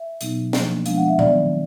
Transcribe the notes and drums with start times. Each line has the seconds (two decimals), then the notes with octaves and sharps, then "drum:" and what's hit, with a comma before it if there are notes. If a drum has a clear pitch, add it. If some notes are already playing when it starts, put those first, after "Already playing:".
Already playing: E5
0.21 B2 F#3 B3 D#4, drum: hi-hat
0.53 F3 A#3 D4, drum: snare
0.86 F3 G#3 B3 D4 F5, drum: hi-hat
0.97 F#5
1.08 E5
1.19 D#3 F#3 B3 D5, drum: tom A#2